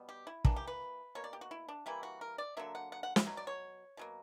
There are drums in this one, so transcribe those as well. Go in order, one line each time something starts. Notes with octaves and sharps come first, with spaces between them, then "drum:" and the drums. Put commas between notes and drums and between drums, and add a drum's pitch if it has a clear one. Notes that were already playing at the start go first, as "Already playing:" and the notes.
Already playing: B2 G3 B3
G4
E4
E3 A#3 D4, drum: kick
G4
B4
B2 A#3 C#5
D5
G4
F#4
E4
D4
E3 G3 A#3 E4
F#4
A#4
D5
D3 F#3 A#3 E5
F#5
F#5
F#5
E5, drum: snare
B2 F#3
D5
C#5
B2 F#3 A#3